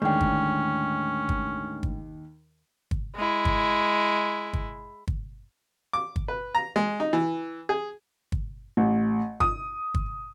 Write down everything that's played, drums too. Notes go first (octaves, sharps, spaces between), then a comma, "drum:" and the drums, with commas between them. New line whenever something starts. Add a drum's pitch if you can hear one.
D#2 A2 D3 G#3 C#4 G5
drum: kick
drum: kick
drum: kick
drum: kick
G#3 E4
drum: kick
drum: kick
drum: kick
D6
drum: kick
B4
A#5
G#3
D#4
E3
G#4
drum: kick
A1
D#6, drum: kick
drum: kick